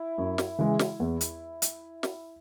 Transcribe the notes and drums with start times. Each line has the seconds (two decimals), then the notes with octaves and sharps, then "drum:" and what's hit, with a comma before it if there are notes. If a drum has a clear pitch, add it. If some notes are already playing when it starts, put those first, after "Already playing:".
Already playing: E4
0.18 F#2
0.38 drum: snare
0.59 C#3 E3 G#3
0.79 drum: snare
1.00 E2
1.21 drum: hi-hat
1.62 drum: hi-hat
2.03 drum: snare